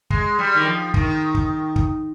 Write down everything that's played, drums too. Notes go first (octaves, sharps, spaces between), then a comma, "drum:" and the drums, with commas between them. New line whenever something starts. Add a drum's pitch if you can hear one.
G#3, drum: kick
G3
D#3
F3
D#3, drum: kick
drum: kick
drum: kick